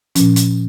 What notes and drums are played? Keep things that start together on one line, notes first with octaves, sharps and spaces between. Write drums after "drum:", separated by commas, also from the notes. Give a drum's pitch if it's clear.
A#2 F3 C#4, drum: hi-hat
drum: hi-hat